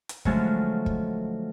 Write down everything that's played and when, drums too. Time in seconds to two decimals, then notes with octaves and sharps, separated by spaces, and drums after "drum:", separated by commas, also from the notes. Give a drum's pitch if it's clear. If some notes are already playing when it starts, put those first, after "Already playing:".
0.09 drum: hi-hat
0.25 D3 F3 F#3 G#3 A3 C#4, drum: kick
0.86 drum: kick